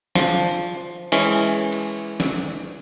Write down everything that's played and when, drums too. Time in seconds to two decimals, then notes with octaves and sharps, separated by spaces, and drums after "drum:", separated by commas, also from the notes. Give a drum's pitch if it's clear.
0.15 F3, drum: snare
1.12 E3 G#3 C#4, drum: cymbal
1.72 drum: cymbal
2.20 drum: snare